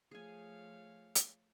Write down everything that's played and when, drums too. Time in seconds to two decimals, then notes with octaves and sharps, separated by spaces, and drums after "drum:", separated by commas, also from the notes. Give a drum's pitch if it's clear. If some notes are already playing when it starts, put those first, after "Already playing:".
0.11 F3 A3 G#4 C#5 F5 G#5
1.15 drum: hi-hat